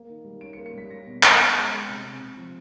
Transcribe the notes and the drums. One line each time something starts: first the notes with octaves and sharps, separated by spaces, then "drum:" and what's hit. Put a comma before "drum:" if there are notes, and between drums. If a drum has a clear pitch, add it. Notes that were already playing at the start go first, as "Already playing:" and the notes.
Already playing: A#3
D#3
G3
C#4 D7
C#7
A#3
C#7
G3 B6
C#4 A#6
B2
B2, drum: clap
C#4
G#3
G#3 D7
C3 C#7
C3
C3
F3